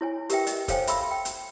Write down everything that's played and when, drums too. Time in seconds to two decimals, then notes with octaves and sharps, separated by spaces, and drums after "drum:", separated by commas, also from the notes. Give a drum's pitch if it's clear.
0.01 E4 C#5 G#5
0.29 G4 A#4 B4 E5 G5, drum: hi-hat
0.47 D#5, drum: hi-hat
0.68 A4 C5 C#5 F5 G5 G#5, drum: kick, hi-hat
0.87 E5 B5 C6 E6, drum: hi-hat
1.11 G5
1.25 drum: hi-hat